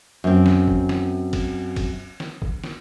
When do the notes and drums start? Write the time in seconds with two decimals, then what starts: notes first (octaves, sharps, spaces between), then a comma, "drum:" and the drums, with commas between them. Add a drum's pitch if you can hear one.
0.24 F#2 C4
0.46 drum: snare
0.68 drum: kick
0.89 drum: snare
1.33 drum: kick, cymbal
1.76 drum: kick, cymbal
2.20 drum: snare
2.42 drum: kick
2.64 drum: snare